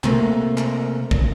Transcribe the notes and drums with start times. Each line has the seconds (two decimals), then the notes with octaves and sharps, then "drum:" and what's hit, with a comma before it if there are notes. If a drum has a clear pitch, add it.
0.04 C3 A3 A#3, drum: clap
0.57 drum: clap
1.11 drum: kick